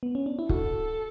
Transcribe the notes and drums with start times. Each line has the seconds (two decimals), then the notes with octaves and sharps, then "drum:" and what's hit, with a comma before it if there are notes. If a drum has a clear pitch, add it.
0.03 B3
0.15 C#4
0.26 D4
0.39 E4
0.49 F#4 A4, drum: kick